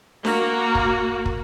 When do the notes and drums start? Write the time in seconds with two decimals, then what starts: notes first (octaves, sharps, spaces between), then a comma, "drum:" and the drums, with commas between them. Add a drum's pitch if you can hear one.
0.25 A#3 F#4, drum: snare D4
0.75 drum: kick
1.26 drum: kick